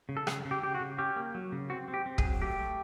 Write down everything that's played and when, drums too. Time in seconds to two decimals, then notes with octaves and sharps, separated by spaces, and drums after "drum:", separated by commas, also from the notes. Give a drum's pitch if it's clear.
0.09 C#3
0.17 A4
0.27 C#3 G#4, drum: rim click
0.45 C#3
0.51 G4
0.63 C#3 G4
0.75 F#4
0.81 C#3
0.98 C#4 G4
1.16 A#3
1.35 F#3
1.52 C#3
1.70 C4 F#4
1.88 C4
1.94 G4
2.06 C4
2.18 G#4, drum: kick
2.23 F#3
2.42 A3 G4
2.59 A3